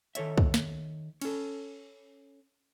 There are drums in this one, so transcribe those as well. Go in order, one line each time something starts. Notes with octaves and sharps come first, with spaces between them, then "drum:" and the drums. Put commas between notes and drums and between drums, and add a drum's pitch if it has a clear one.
D#3 A4 C#5 E5, drum: hi-hat
drum: kick
drum: snare
C#4 A4, drum: cymbal